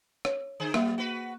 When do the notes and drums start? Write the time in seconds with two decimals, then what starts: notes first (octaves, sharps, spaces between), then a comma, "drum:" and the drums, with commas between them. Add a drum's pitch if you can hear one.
0.25 C#5, drum: rim click
0.60 D3 G#4 C5
0.74 F#3 A#3 B3 E5, drum: rim click
0.98 F#4 B4